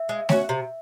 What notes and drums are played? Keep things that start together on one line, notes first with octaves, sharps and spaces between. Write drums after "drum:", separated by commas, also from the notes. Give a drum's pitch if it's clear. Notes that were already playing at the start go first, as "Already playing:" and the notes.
Already playing: E5
G#3
C#4 F#4, drum: snare A3
C3